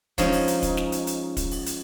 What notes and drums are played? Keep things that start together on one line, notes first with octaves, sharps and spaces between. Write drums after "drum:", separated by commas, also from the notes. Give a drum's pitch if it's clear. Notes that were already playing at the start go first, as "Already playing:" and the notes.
F3 G#3 C#4 D#4, drum: kick, hi-hat
drum: open hi-hat
drum: hi-hat
drum: kick, hi-hat
drum: snare
drum: hi-hat
drum: hi-hat
drum: kick, hi-hat
drum: open hi-hat
drum: hi-hat